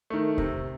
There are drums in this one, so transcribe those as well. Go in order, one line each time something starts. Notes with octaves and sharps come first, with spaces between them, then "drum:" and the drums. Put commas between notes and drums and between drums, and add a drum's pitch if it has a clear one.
D#3 A3
C3, drum: kick